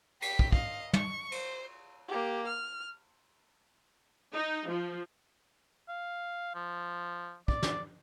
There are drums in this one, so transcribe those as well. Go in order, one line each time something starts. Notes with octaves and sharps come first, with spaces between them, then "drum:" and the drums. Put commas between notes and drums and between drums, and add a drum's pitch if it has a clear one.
G4 B6, drum: cymbal
drum: kick
D#5 F5, drum: kick
C#6, drum: tom
C5, drum: cymbal
A#3 G4
F6
D#4
F3
F5
F3
D5, drum: kick
drum: snare